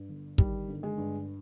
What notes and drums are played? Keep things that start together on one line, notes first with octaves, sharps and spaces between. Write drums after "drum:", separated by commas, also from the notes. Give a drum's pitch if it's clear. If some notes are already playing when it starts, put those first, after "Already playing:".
Already playing: G2
G1
D#3 G3, drum: kick
G1
G#3
G2